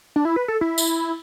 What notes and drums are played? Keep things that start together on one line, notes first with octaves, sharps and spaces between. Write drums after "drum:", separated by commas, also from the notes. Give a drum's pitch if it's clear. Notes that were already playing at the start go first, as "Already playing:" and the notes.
D4
E4
B4
A4
E4
drum: tambourine